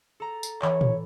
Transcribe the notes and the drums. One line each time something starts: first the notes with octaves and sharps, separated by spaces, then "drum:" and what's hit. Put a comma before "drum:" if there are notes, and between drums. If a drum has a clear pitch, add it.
A4 A#5
drum: tambourine
E3 C#5, drum: clap
drum: tom A2